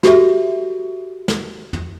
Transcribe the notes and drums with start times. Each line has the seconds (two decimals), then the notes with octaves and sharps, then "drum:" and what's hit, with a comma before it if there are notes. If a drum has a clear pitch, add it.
0.03 F#4 G4 A4 E5, drum: snare
1.28 drum: snare
1.73 drum: tom